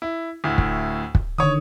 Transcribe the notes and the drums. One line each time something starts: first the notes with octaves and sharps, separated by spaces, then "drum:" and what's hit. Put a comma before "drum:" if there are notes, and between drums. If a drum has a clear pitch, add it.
E4
D2 A2
drum: kick
drum: kick
D3 D#3 C#5 D#6